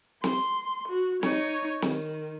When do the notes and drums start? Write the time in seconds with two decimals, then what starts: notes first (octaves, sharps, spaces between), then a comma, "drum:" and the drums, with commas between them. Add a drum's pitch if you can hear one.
0.24 C6, drum: snare
0.88 F#4
1.23 D#4 C#5, drum: snare
1.82 D#3, drum: snare